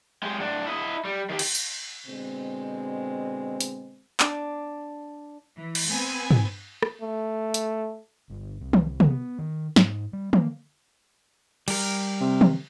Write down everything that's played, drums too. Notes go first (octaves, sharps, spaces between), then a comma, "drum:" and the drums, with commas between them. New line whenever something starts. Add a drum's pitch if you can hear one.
G#3 G4
A2 D4
E4 D#5
G3
D#3 G4
drum: cymbal
drum: tambourine
B2 D3 G#3 C4
drum: hi-hat
D4 D5, drum: clap
E3
drum: cymbal
B3 C4 G#5
drum: tom
drum: rim click
A3
drum: hi-hat
G1
C2
drum: tom
drum: tom
B3
D#3
G#2, drum: snare
G3
A#3, drum: tom
G3 A#4, drum: cymbal
C3
drum: tom